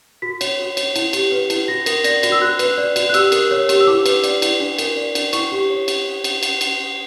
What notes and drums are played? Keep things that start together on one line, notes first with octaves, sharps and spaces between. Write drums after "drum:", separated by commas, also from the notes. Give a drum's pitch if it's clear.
F#4 B6
C#5, drum: cymbal
F#4
C#5, drum: cymbal
E4, drum: cymbal
G4, drum: cymbal
B4
E4, drum: cymbal
F#4 A#6
A#4, drum: cymbal
D5 A#6, drum: cymbal
F#4, drum: cymbal
E6
F#4 F#6
B4, drum: cymbal
D5
F#4, drum: cymbal
F#6
G4 E6, drum: cymbal
A#4, drum: cymbal
C#5
G4, drum: cymbal
E6
E4 D6
B4, drum: cymbal
D5, drum: cymbal
E4, drum: cymbal
D4
A#4, drum: cymbal
D5
D4, drum: cymbal
E4 C#6, drum: cymbal
G4
C#5
drum: cymbal
drum: cymbal
drum: cymbal
drum: cymbal